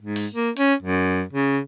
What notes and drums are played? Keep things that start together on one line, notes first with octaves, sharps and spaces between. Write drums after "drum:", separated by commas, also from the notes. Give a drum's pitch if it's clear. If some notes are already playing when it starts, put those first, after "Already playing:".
G#2
drum: open hi-hat
A#3
C#4, drum: hi-hat
F#2
C#3